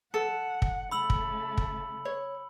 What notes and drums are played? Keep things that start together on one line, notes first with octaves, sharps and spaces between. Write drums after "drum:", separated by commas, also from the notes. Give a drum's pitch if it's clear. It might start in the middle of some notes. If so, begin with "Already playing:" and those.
A4 F#5 C#7
drum: kick
C#3 A3 B5 E6 F#7
drum: kick
drum: kick
C#5